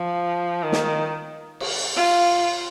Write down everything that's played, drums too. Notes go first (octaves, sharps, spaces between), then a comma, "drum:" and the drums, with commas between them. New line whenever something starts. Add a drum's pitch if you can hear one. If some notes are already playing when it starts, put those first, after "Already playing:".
Already playing: F3
D#3
drum: snare
drum: cymbal
F4